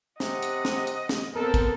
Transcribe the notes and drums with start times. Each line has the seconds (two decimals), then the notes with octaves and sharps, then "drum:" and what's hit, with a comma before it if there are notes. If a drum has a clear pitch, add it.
0.20 C3 D#5 F#5, drum: snare
0.43 drum: hi-hat
0.65 drum: snare
0.87 drum: hi-hat
1.09 drum: snare
1.35 B3 C4 A4 A#4
1.54 drum: kick, hi-hat